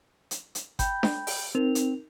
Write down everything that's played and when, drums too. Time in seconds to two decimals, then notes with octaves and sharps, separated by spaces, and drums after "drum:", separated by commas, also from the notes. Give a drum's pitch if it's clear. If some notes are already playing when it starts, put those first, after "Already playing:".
0.31 drum: hi-hat
0.55 drum: hi-hat
0.79 G5 B5 G6, drum: kick G1, hi-hat
1.03 drum: snare D4
1.27 drum: open hi-hat
1.55 C4 D#4 A#4 F7
1.75 drum: hi-hat